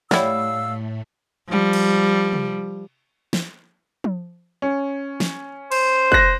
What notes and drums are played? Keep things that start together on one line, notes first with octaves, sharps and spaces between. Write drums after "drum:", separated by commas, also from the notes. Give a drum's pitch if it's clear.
A2 G3 A3 E4 C#5 F5 F#5 E6, drum: snare
F3 G3
drum: cymbal
drum: tom C3
drum: snare
drum: tom F3
C#4
drum: snare
C5, drum: cymbal
F#6 A#6, drum: kick